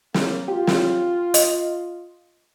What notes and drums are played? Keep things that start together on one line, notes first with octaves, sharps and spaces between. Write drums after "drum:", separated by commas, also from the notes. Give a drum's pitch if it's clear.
A#3, drum: snare
F4 G4
drum: snare
D#5, drum: hi-hat